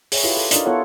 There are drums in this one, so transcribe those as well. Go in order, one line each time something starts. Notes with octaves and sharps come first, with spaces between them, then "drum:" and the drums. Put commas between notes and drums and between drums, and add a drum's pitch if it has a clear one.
G#4 C#5 E5, drum: open hi-hat
E4 F4 G4 B4 C#5
A4
D4 D#4 F4 A#4 D5 D#5, drum: hi-hat
B3 E4 F4 A4 C#5 F#5